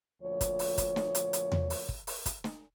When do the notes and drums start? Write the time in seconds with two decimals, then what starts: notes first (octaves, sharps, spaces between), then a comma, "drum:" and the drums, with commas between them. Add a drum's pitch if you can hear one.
0.22 D2 A#2 F3 C#5
0.41 drum: kick, hi-hat
0.59 drum: open hi-hat
0.78 drum: kick, hi-hat
0.96 drum: snare
1.15 drum: hi-hat
1.33 drum: hi-hat
1.52 drum: tom E2
1.70 drum: open hi-hat
1.89 drum: kick
2.07 drum: open hi-hat
2.26 drum: kick, hi-hat
2.44 drum: snare